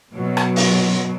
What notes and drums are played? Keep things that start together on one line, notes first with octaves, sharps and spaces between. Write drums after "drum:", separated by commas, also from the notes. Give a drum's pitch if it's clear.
F#2 B2 F#3
drum: rim click
drum: open hi-hat